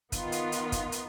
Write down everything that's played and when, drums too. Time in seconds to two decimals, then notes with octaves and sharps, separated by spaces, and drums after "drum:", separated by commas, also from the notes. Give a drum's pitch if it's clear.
0.12 D#3 B3 F4, drum: kick, hi-hat
0.32 drum: hi-hat
0.52 drum: hi-hat
0.72 drum: kick, hi-hat
0.92 drum: hi-hat